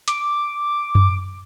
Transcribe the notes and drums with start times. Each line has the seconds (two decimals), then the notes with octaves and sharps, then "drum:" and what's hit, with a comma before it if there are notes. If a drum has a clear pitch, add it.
0.08 D6, drum: hi-hat
0.95 drum: tom F#2